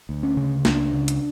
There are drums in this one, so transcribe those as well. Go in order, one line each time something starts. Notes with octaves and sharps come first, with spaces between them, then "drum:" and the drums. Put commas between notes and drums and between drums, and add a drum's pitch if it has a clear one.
D2
C#4
C#3
C#2 D4, drum: snare
C#3
drum: hi-hat